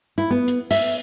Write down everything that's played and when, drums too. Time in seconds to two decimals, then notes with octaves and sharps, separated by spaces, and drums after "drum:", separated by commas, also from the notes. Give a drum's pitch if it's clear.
0.18 E4
0.30 B3
0.48 drum: hi-hat
0.71 E5, drum: open hi-hat